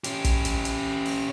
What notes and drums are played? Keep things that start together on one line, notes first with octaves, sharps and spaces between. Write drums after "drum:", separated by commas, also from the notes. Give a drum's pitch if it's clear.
C#4 G4, drum: hi-hat
drum: kick, hi-hat
drum: hi-hat
drum: hi-hat
drum: open hi-hat